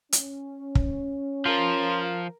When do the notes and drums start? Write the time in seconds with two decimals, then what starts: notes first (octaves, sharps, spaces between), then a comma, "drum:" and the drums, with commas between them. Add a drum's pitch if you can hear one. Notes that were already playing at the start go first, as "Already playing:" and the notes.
0.13 C#4, drum: hi-hat
0.75 drum: kick
1.45 F3 F4 A#4